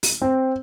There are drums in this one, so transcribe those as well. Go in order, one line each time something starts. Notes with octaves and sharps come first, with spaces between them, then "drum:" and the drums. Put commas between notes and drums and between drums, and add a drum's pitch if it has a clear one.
drum: open hi-hat
C4